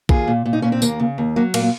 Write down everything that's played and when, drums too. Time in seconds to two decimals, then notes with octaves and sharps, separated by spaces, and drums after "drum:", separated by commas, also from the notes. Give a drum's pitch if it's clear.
0.09 D#2 F4 G#4, drum: kick A#1
0.28 A#2
0.45 A#2
0.53 D#4
0.62 A#2 C#4
0.72 C4
0.82 D#2 A#3, drum: tambourine
1.00 C#3
1.18 D#2
1.36 F#3 A#3
1.54 A#2 A#3, drum: cymbal